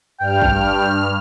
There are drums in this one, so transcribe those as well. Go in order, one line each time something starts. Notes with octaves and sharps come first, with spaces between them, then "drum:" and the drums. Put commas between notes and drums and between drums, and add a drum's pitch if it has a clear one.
G2 G5 F6
drum: kick G#1